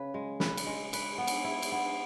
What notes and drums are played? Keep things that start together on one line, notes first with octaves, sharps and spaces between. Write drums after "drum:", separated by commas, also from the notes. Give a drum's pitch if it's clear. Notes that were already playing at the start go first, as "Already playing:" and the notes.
Already playing: C#3 B4
G#3
B4, drum: snare
drum: cymbal
G#3
B4, drum: cymbal
B3
drum: cymbal
E4
drum: cymbal
B3